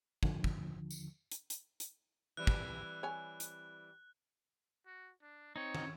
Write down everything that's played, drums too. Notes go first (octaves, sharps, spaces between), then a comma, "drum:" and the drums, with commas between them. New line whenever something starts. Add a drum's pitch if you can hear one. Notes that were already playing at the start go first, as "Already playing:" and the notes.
D#2 D3 F3, drum: kick
drum: kick
drum: tambourine
drum: hi-hat
drum: hi-hat
drum: hi-hat
E3 G3 C4 F#6
drum: kick
C#5 G#5
drum: hi-hat
F#4
D4
C4 D#4 C#5
drum: tom